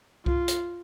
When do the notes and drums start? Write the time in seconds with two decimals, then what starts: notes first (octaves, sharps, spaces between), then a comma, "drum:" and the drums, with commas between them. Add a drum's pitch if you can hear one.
0.26 F4, drum: kick C2
0.48 drum: hi-hat